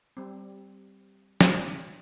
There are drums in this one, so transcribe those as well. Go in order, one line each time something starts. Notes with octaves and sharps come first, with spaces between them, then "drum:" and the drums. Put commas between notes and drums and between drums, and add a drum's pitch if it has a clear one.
G3 C4
drum: snare